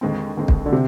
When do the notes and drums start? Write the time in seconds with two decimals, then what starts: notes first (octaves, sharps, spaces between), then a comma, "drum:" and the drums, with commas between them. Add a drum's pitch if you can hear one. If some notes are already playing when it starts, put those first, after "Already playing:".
0.01 D#2 D3 G#3 C4
0.37 D#2 D3 G#3 C4
0.48 drum: kick
0.66 D3
0.72 C3 C4